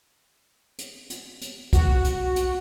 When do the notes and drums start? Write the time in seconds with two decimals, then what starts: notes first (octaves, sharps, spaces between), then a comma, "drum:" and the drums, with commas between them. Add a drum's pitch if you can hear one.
0.78 drum: hi-hat
1.10 drum: hi-hat
1.41 drum: hi-hat
1.73 F#4, drum: kick, hi-hat
2.04 drum: hi-hat
2.36 drum: hi-hat